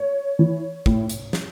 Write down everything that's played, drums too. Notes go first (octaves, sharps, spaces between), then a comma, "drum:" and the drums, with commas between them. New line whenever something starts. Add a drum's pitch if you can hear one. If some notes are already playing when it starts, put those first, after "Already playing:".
Already playing: C#5
E3
A2, drum: kick
drum: hi-hat
drum: snare